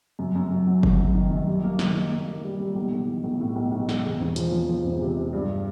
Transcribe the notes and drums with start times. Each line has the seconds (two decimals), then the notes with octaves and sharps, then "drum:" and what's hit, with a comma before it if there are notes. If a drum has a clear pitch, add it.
0.19 F#2
0.35 F#2
0.51 F#2
0.67 F#3
0.83 F#2, drum: kick F#1
0.99 F#2
1.15 D#3
1.31 F#2
1.47 G3
1.63 A#3
1.79 D#3, drum: snare
1.96 A#3
2.11 A#3
2.27 A#3
2.44 G3
2.60 G3
2.76 B1
2.92 B1
3.08 E3
3.24 B1
3.41 A2
3.56 B1
3.72 B1
3.89 B1, drum: snare
4.04 E2
4.21 E1
4.36 F3, drum: hi-hat
4.52 F3
4.69 F3
4.85 E1
5.01 C3
5.17 C3
5.33 G2